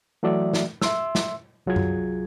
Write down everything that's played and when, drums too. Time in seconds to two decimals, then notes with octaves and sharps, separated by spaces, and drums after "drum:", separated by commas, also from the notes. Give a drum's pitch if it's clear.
0.23 E3 F#3 A3 F#4 D5 E5
0.54 drum: snare
0.82 E5 C6 E6, drum: snare
1.15 drum: snare
1.66 C2 F#3 F4 G#4 G#6
1.76 drum: tom F#2